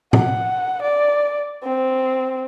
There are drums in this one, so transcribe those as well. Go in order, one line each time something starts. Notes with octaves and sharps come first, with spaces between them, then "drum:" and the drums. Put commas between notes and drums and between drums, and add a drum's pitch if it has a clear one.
F#5, drum: tom A2
D5
C4